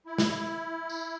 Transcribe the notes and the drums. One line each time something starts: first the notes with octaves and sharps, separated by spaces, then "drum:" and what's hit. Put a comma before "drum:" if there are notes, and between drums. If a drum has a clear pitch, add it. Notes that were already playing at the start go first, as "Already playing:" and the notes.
E4
drum: snare
drum: tambourine